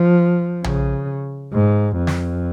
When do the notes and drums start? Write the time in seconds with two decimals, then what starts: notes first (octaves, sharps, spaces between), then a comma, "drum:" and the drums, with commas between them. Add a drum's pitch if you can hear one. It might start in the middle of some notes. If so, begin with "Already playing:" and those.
Already playing: F3
0.64 C#3, drum: tom A#1
1.53 G#2
1.97 F2
2.07 drum: snare